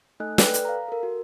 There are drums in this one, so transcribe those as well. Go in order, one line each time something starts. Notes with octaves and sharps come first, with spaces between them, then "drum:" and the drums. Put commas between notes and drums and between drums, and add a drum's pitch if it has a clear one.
A3 D#4 A4 D#5 G#5 F#6
A4 B4 D5 G5 F#6, drum: snare
drum: hi-hat
F5 A#5
A4 A#4
F#4